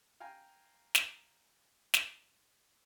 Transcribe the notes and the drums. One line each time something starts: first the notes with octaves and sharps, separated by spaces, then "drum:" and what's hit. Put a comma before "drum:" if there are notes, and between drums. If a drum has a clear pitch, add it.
F5 G5 G#5 A#5
drum: snare
drum: snare